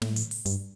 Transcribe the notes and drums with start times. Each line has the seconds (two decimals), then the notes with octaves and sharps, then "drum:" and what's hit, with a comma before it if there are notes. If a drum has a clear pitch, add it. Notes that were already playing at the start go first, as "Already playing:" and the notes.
0.02 A2, drum: snare
0.16 drum: hi-hat
0.31 drum: open hi-hat
0.46 G2, drum: hi-hat